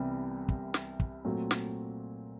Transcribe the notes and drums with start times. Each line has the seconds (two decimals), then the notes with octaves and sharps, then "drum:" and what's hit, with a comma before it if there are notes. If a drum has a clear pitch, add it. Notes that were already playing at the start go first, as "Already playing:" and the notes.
Already playing: C2 C3 E3 G3 B3
0.49 drum: kick
0.74 drum: snare
1.00 drum: kick
1.25 A#2 F#3 A3 C4
1.51 drum: snare